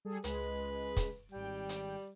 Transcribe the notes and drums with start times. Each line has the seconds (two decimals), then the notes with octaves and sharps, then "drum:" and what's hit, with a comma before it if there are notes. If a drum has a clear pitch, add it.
0.05 G3 G#4 A4
0.24 C#2 G#3 B4, drum: hi-hat
0.97 drum: kick, hi-hat
1.32 G#1 G3 G5
1.69 drum: hi-hat